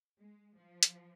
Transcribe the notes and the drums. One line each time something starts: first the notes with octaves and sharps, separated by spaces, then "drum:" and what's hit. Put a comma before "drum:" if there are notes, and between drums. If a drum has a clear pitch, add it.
G#3
F3
drum: hi-hat